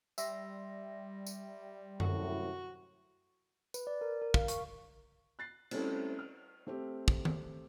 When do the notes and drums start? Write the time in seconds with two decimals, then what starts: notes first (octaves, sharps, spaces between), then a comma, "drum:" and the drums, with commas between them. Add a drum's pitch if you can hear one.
0.18 G3 E5 C6 A#6, drum: tambourine
1.26 drum: tambourine
2.00 C2 F#2 A2 F#4, drum: tom F#2
3.74 B4, drum: tambourine
3.87 D5
4.01 A#4
4.22 A#4
4.34 F5, drum: kick
4.48 C#6, drum: hi-hat
5.39 F#6 A6 C7
5.71 G3 A3 C4 C#4 E4 A4, drum: cymbal
6.19 F6
6.67 A3 C4 G4
7.08 drum: kick
7.25 drum: tom D#3